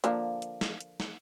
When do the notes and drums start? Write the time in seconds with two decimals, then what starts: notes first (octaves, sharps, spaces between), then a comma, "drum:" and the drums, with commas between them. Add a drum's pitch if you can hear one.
0.04 D3 F3 A#3, drum: hi-hat
0.42 drum: hi-hat
0.61 drum: snare
0.80 drum: hi-hat
1.00 drum: snare